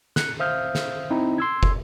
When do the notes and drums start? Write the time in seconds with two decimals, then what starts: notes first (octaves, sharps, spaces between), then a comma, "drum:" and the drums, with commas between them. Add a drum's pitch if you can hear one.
0.16 F#6 C#7, drum: snare
0.40 C5 E5 F5 D#6 F6 G6
0.75 drum: snare
1.11 C4 D#4 E4
1.38 C6 E6 G#6
1.63 drum: kick